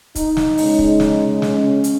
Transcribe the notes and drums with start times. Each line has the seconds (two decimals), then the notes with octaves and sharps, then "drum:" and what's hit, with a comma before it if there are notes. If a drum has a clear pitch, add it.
0.15 D#4, drum: kick, hi-hat
0.37 drum: snare
0.58 C#3 G#3, drum: open hi-hat
0.79 drum: kick
1.00 drum: snare
1.42 C#4, drum: snare
1.84 drum: hi-hat